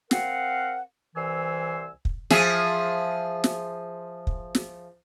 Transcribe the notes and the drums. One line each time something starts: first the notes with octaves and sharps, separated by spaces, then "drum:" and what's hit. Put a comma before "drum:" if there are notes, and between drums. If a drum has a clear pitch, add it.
C4 A#4 F5 F#5, drum: snare
C2 E3 C5 G#5 E6
drum: kick
F3 G#4 E5, drum: snare
drum: snare
drum: kick
drum: snare